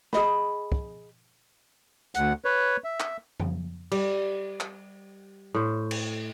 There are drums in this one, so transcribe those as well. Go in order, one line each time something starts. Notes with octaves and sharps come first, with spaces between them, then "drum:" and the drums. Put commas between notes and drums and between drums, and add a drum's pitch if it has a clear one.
G#4 D#5 B5, drum: snare
drum: kick
D2 F#5, drum: hi-hat
B4 C#5
E5
drum: clap
drum: tom F2
G3, drum: cymbal
drum: clap
A2 C5
drum: cymbal